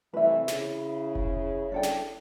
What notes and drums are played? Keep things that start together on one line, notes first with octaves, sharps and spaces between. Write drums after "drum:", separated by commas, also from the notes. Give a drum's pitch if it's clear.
C3 E3 A3 B4 E5
C#3 E4, drum: snare
drum: kick F1
D4 A4 G5
drum: snare